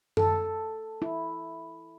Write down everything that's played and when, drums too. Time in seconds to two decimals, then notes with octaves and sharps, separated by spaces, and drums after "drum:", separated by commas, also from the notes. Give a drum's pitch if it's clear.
0.17 A4, drum: tom F#2
1.02 E4